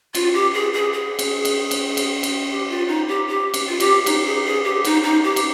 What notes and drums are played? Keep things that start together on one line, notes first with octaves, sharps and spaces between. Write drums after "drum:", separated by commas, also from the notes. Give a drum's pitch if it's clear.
F4, drum: cymbal
G4
G#4
G#4
G#4
drum: cymbal
drum: cymbal
drum: cymbal
drum: cymbal
drum: cymbal
G4
F4
D#4
G4
G4
drum: cymbal
F4
G4, drum: cymbal
D#4, drum: cymbal
G#4
G#4
G4
D#4, drum: cymbal
D#4
G4
drum: cymbal